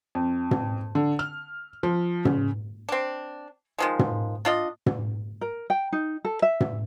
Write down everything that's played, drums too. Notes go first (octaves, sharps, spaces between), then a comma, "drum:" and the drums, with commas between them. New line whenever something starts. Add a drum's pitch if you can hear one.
F2
drum: tom
D3
F6
F3
C#3, drum: tom
C4 D4
D#3 F3 G#3
drum: tom
D4 F4 D#5
drum: tom
A#4
G5
D#4
A4
E5
drum: tom